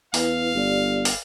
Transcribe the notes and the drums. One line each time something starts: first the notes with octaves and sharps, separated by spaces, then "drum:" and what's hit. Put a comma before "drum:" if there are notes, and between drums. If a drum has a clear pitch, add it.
E2 E4 B4 F5, drum: open hi-hat
G1 G4 D5
drum: open hi-hat